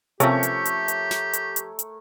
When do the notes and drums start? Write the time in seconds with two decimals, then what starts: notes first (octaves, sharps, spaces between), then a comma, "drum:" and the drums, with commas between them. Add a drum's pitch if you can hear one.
0.20 C3 F3 A3 C#4 G4 A#4 C#5, drum: hi-hat
0.43 drum: hi-hat
0.65 drum: hi-hat
0.88 drum: hi-hat
1.11 drum: snare
1.33 drum: hi-hat
1.56 drum: hi-hat
1.79 drum: hi-hat